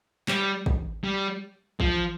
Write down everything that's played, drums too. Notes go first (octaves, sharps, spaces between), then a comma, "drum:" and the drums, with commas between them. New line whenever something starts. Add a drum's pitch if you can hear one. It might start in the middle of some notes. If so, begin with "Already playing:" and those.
G3, drum: clap
drum: kick
G3
F3, drum: kick